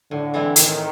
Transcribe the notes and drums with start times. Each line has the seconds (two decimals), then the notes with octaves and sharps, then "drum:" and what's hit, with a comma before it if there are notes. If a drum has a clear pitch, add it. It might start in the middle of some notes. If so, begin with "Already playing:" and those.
0.11 A2 D3
0.34 E3 G#3 C4 E4
0.56 A2 D#3, drum: hi-hat